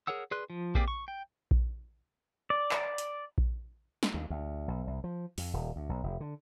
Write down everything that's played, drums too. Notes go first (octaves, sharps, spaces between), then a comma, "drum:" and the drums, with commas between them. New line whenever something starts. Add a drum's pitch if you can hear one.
G#4 A#4 C#5 F#5 E6
G#4 B4 D5 C6 F#6
F3
A#3 C4 G4 G#4 D5, drum: kick A#1
C#6
G5
drum: kick A#1
D5
drum: clap
drum: hi-hat
drum: kick A#1
drum: snare
D#2
D2
B1
C2
F3
F2, drum: open hi-hat
D#1
D2
B1
F1
D3